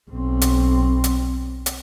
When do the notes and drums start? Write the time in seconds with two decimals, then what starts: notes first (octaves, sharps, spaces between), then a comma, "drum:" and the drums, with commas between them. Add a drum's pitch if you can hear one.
0.10 B1 C4
0.41 drum: hi-hat
1.04 drum: hi-hat
1.66 drum: hi-hat